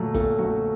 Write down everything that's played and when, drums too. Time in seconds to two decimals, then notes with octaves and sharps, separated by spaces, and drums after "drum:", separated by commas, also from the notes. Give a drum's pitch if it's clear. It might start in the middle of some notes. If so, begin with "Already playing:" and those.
Already playing: A#2 F#3 A3 A4
0.14 A#2 A4, drum: kick, hi-hat
0.39 F#3 A3 F#4